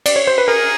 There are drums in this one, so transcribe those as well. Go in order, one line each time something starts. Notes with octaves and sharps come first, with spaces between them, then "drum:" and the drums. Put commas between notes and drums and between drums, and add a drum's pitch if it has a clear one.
D5, drum: cymbal
C#5
C5
B4
G#4 A#4